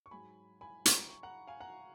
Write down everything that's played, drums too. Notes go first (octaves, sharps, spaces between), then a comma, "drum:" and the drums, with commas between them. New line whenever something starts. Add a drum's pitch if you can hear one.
C#6
G#2 F#3 G#5 B5
G#5 B5
A#5 C#6, drum: hi-hat
F#5 A#5
F5 G#5
F#5 A#5